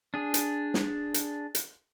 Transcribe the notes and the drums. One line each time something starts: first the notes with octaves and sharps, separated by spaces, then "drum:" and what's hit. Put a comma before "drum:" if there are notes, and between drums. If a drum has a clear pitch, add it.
D4 G#4
drum: hi-hat
drum: snare
drum: hi-hat
drum: hi-hat